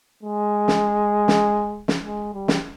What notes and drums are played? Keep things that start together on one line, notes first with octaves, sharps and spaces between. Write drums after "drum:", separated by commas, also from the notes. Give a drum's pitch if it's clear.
G#3
drum: snare
drum: snare
drum: snare
G#3
G3
drum: snare